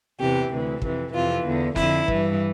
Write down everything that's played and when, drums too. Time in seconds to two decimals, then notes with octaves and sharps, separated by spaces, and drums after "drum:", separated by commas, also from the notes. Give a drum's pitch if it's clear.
0.19 E2 C3 E3 G4
0.51 D2 C3 E3
0.82 F2 C3 E3, drum: kick
1.13 F2 C3 E3 F4
1.45 E2 D3
1.76 F2 D3 E4, drum: snare
2.08 G2 E3, drum: kick